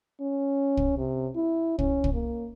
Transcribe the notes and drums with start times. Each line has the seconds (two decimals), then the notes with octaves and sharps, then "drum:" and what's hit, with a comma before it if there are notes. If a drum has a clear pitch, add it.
0.21 C#4
0.77 drum: kick
0.98 C3
1.36 E4
1.79 C#4, drum: kick
2.04 drum: kick
2.14 A#3